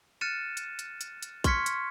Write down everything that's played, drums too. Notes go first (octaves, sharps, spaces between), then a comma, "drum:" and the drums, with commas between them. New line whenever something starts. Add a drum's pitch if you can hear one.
F6 F#6 A6 C#7 D#7 E7
drum: hi-hat
drum: hi-hat
drum: hi-hat
drum: hi-hat
C6 C#6 F6 G#6 B6 C#7, drum: kick, hi-hat
drum: hi-hat